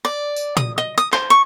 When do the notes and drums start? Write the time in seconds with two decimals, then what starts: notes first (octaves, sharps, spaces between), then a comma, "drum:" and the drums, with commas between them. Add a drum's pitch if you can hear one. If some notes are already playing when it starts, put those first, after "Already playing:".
0.05 D5
0.36 drum: tambourine
0.57 D#6, drum: tom A#2
0.78 D#5
0.98 D#6
1.13 C5, drum: clap
1.30 C#6